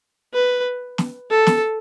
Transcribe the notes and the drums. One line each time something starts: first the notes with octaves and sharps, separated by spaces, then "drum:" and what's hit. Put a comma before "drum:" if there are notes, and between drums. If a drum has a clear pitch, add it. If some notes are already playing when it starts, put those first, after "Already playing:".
B4
drum: snare
A4
drum: snare